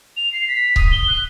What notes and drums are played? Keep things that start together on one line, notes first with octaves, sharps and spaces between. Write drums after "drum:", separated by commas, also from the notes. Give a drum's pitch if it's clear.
F7
C7
B6
D#6, drum: kick C#1
G7
F#6